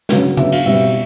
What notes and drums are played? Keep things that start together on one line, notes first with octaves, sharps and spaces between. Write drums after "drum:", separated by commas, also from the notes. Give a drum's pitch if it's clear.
C#3 F#3 B3 D4, drum: snare
C#3 F#3 B3 D4 E5, drum: tom
F5, drum: cymbal
B2 G3 C4 E5